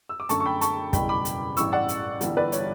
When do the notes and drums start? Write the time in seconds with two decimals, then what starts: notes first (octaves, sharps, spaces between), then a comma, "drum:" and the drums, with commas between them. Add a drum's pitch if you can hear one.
0.09 E6
0.20 D6
0.29 F#2 D3 A3 A5 C#6, drum: hi-hat
0.40 C#6
0.46 G5 B5
0.61 A5 C#6, drum: hi-hat
0.93 F#1 E2 B2 G3 G5 B5, drum: kick, hi-hat
1.09 B5 D6
1.25 drum: hi-hat
1.57 A1 G2 E3 C#6 E6, drum: hi-hat
1.72 D5 F#5
1.89 drum: hi-hat
2.21 G1 G2 E3 G3, drum: hi-hat
2.37 B4 D5
2.52 C#5, drum: hi-hat